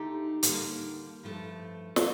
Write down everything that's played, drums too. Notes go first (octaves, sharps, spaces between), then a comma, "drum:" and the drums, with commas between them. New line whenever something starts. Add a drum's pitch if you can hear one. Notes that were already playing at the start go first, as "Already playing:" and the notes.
Already playing: D#2 D3 A3 D#4 G4
D#2 D3 G3 A#3, drum: hi-hat
G2 F3 A3
C5, drum: snare